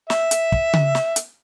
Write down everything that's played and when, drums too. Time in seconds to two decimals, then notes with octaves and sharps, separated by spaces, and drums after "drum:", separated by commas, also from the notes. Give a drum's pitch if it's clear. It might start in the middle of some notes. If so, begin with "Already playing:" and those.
0.10 E5, drum: snare
0.31 drum: hi-hat
0.52 drum: kick
0.73 drum: tom C#3
0.95 drum: snare
1.16 drum: hi-hat